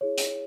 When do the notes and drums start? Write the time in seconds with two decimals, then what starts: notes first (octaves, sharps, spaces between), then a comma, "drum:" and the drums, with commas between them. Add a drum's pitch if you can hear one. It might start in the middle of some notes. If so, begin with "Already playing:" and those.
0.01 E4 G#4 C#5
0.18 drum: hi-hat